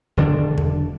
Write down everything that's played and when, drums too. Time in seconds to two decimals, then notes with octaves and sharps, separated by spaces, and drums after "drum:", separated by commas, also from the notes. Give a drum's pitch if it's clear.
0.17 E1 D3 D4
0.58 drum: tom E2